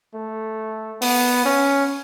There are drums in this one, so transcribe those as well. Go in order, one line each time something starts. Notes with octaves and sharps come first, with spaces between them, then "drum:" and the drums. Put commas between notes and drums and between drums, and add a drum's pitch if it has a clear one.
A3
B3, drum: open hi-hat
C#4